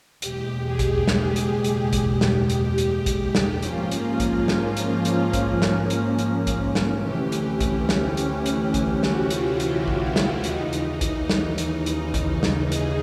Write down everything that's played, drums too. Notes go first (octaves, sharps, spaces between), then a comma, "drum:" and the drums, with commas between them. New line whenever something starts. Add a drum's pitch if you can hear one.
F#1 E2 B2 G#3 G4, drum: hi-hat
G#4
drum: kick, hi-hat
G4, drum: snare
drum: hi-hat
G#4
drum: hi-hat
G4, drum: kick, hi-hat
drum: snare
drum: hi-hat
drum: hi-hat
drum: kick, hi-hat
drum: snare
G#2 F3 A#3 C#4 F4, drum: hi-hat
drum: hi-hat
drum: kick, hi-hat
drum: snare
drum: hi-hat
drum: hi-hat
drum: kick, hi-hat
drum: snare
drum: hi-hat
drum: hi-hat
drum: kick, hi-hat
drum: snare
D2 C3 E3 A3 C#4 G4
drum: hi-hat
drum: kick, hi-hat
drum: snare
drum: hi-hat
drum: hi-hat
G4, drum: kick, hi-hat
F#4, drum: snare
F4, drum: hi-hat
E4, drum: hi-hat
E4, drum: kick
F4, drum: snare
D#2 C#3 E3 D#4, drum: hi-hat
drum: hi-hat
drum: kick, hi-hat
drum: snare
drum: hi-hat
drum: hi-hat
D#4, drum: kick, hi-hat
D#4, drum: snare
G#4, drum: hi-hat